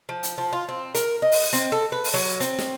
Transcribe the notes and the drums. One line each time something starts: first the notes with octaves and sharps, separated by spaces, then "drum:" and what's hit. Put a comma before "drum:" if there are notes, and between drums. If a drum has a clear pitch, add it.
F3
drum: hi-hat
F3
F4
C4
A#4, drum: hi-hat
D#5
drum: open hi-hat
C4, drum: hi-hat
A4
B4
drum: open hi-hat
F#3
C4, drum: hi-hat
drum: snare